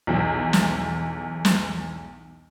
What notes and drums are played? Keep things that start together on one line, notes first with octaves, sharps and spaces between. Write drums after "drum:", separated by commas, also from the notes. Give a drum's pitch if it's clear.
B1 E2
drum: snare
drum: snare